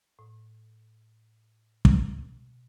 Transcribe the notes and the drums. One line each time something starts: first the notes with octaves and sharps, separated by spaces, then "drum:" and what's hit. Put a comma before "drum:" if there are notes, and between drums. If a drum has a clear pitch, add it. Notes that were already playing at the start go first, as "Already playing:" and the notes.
A2
B2, drum: kick